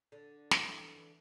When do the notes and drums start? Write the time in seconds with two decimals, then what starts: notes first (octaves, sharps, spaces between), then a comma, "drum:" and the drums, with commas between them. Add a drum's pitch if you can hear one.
0.12 D3
0.51 E3, drum: snare